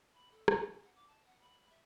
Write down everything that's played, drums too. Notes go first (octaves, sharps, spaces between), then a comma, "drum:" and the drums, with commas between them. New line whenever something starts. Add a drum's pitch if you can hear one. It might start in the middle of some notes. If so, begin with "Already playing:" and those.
B5
A4
G4, drum: rim click
G#5
F#5
D6
A5
F#5
B5
E5